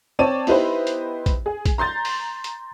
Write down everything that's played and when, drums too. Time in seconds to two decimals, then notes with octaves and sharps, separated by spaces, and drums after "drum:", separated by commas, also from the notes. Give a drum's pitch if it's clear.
0.19 C4 C#5 D5 A5 D#7
0.47 B3 D#4 E4 G4 B4 C5, drum: open hi-hat
0.87 drum: hi-hat
1.26 drum: kick, hi-hat
1.46 G#4
1.66 drum: kick, hi-hat
1.78 A#5 C6 G6 A6
2.05 drum: open hi-hat
2.44 drum: hi-hat